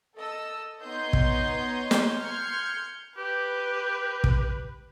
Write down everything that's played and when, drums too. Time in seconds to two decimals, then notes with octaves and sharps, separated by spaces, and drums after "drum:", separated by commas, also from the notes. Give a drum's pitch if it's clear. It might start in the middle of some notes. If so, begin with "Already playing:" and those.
0.16 A4 D#5 E6
0.81 B3 D#4 C#5 D#5 C6 G6
1.13 drum: kick
1.91 drum: snare
2.17 C6 F6 G6 G#6 C#7
3.17 G4 B4
4.24 drum: kick